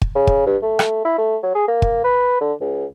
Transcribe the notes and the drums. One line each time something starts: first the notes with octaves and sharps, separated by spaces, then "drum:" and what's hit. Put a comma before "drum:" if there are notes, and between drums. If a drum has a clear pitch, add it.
drum: kick
C#3
drum: kick
G2
A3
drum: rim click
E4
A3
F#3
G#4
A#3
drum: kick
B4
D3
C#2